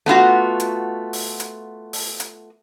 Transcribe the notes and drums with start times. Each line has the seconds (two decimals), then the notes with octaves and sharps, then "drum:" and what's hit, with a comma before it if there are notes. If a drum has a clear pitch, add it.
0.06 A3 B3 F4 F#4
0.60 drum: hi-hat
1.13 drum: open hi-hat
1.40 drum: hi-hat
1.93 drum: open hi-hat
2.20 drum: hi-hat